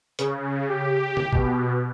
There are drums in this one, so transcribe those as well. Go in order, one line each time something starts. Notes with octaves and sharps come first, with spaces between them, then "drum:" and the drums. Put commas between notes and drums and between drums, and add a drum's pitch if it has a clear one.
C#3, drum: hi-hat
G4
drum: tom C#3
B2, drum: kick G#1